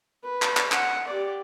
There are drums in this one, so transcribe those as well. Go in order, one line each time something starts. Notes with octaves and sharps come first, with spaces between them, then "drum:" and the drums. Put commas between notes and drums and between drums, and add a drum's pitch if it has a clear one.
B4
drum: clap
drum: clap
F#5, drum: clap
G4 D5